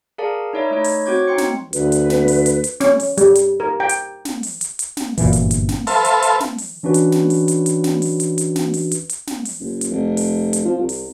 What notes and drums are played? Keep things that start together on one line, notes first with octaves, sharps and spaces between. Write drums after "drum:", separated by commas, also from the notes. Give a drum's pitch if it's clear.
G#4 A#4 D5 F5 A5
D#4 E4 C#5 D5 E5
A3 D#4 E4 C#5
drum: open hi-hat
C4 F#4 C#5 D6 G6 G#6
D#4 G5 C6 C#7
drum: snare
D2 B4, drum: hi-hat
drum: hi-hat
drum: snare
drum: open hi-hat
drum: hi-hat
drum: hi-hat
C#4, drum: snare
drum: open hi-hat
G3, drum: hi-hat
drum: hi-hat
A#4
G5
drum: hi-hat
drum: snare
drum: open hi-hat
drum: hi-hat
drum: hi-hat
drum: snare
G1 F#2 A#2 E3, drum: open hi-hat
drum: hi-hat
drum: hi-hat
drum: snare
A4 B4 C5 E5 F5 A5, drum: open hi-hat
drum: hi-hat
drum: hi-hat
drum: snare
drum: open hi-hat
E3 C#4 D4 F#4 B4
drum: hi-hat
drum: snare
drum: open hi-hat
drum: hi-hat
drum: hi-hat
drum: snare
drum: open hi-hat
drum: hi-hat
drum: hi-hat
drum: snare
drum: open hi-hat
drum: hi-hat
drum: hi-hat
drum: snare
drum: open hi-hat
F#1
drum: hi-hat
F1
drum: open hi-hat
drum: hi-hat
F3
C2
drum: open hi-hat